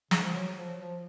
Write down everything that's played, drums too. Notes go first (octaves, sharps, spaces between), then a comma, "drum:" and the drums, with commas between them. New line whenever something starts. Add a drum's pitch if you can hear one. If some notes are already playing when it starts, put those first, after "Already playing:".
C#3, drum: snare
F3
F#3
F3
F3